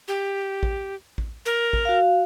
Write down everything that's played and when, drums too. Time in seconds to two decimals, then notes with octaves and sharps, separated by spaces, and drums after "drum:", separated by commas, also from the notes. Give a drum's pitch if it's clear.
0.08 G4
0.63 drum: kick A1
1.18 drum: kick A1
1.46 A#4
1.73 drum: kick A1
1.85 F#4 F5